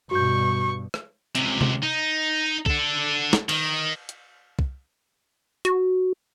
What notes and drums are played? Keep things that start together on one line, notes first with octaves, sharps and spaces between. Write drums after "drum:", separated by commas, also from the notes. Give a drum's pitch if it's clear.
G2 B2 F#4 C#6 G6
drum: rim click
C#2 C3, drum: hi-hat
drum: tom C3
D#4
D4 A4, drum: kick
drum: snare
D#3, drum: cymbal
drum: hi-hat
drum: kick
F#4, drum: hi-hat